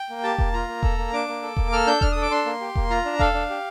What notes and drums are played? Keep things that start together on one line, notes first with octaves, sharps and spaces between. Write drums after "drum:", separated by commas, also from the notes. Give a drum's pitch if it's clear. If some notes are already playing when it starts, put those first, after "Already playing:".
Already playing: G5
A#3
G4 A5
A#3, drum: kick E1
F4 A#5
A#3
A4, drum: kick E1
A#3
D4 D6
A#3
A4
A#3, drum: kick E1
A4 F6
D4 G6
D4 F6, drum: kick E1
A4 D#6
D6
D4 C6
A#3
G4
A#3, drum: kick E1
F4 A#5
D4
A4 F5, drum: kick E1
D4
G4